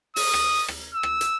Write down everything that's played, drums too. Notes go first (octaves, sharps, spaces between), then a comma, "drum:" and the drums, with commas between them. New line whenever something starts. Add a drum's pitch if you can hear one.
D#6, drum: open hi-hat
drum: rim click
drum: rim click
E6
drum: rim click
drum: hi-hat